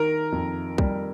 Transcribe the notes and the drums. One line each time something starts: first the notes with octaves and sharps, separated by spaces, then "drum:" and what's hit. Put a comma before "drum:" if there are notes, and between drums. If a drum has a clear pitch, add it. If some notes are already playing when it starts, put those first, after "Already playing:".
Already playing: D#3 A#4
F2
G3, drum: kick